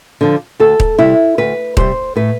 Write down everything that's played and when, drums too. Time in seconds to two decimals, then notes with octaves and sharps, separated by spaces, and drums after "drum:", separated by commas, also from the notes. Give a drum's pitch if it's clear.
0.21 D3 F3
0.60 D2 A4
0.80 drum: kick D#1
0.98 C3 G3 E4
1.38 D2 B4
1.77 C3 G3 C5, drum: kick D#1
2.16 A2 B4